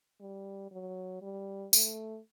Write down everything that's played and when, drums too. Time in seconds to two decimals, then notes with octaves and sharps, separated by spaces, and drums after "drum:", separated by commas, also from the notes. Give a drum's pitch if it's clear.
0.21 G3
0.71 F#3
1.22 G3
1.73 A3, drum: tambourine